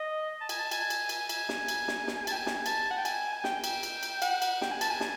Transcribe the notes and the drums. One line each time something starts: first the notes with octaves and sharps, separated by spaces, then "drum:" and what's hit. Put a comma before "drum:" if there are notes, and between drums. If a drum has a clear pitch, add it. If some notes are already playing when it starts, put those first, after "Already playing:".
Already playing: D#5
A5
G#5, drum: cymbal
A5
G#5, drum: cymbal
drum: cymbal
G#5, drum: cymbal
drum: cymbal
drum: snare
drum: cymbal
drum: snare
drum: snare
A5, drum: cymbal
G5
G#5
G#5, drum: snare
G#5
A5, drum: cymbal
F#5
G5
G#5, drum: cymbal
G#5
G5, drum: snare
drum: cymbal
drum: cymbal
drum: cymbal
F#5, drum: cymbal
drum: cymbal
G5, drum: snare
G#5
A5, drum: cymbal
G#5
G#5, drum: snare